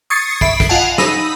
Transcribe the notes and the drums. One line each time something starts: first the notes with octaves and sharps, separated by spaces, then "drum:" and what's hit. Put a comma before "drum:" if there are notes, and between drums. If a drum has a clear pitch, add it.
C#6 D#6 G#6 A6 C7 C#7
E5 B5 C7 D7, drum: kick
drum: kick, hi-hat
F4 D#5 F5 F#5 G#5 A5
D#4 B5 D#6 E6, drum: snare